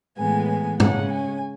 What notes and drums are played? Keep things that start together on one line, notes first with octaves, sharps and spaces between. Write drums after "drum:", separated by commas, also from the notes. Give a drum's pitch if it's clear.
A2 E3 G#3 B3 G#5
G#5
C#3 G#3 C#4 F#5, drum: tom
G#5